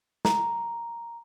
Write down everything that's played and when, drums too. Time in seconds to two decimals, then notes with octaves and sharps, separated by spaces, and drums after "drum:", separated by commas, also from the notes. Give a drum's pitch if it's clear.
0.25 A#5, drum: snare